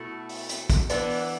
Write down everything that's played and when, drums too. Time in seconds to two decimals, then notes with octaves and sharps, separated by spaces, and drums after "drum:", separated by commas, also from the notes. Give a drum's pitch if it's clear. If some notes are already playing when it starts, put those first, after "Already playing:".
Already playing: B2 A3 E4
0.29 drum: open hi-hat
0.49 drum: hi-hat
0.70 drum: kick, hi-hat
0.90 E3 B3 D4, drum: hi-hat
1.10 drum: open hi-hat